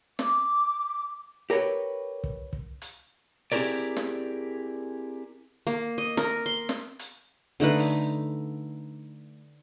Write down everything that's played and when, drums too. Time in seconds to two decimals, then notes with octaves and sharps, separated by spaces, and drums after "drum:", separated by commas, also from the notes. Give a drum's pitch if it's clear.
0.19 D6, drum: snare
1.50 G4 A#4 B4 C#5 G5
2.24 drum: kick
2.53 drum: kick
2.82 drum: hi-hat
3.52 C4 E4 G4 G#4 A#4 D5, drum: open hi-hat
3.97 drum: snare
5.67 A#3
5.98 D#5
6.17 A#4, drum: snare
6.46 C6
6.69 drum: snare
6.99 drum: hi-hat
7.60 D3 A3 D#4 B4
7.78 drum: open hi-hat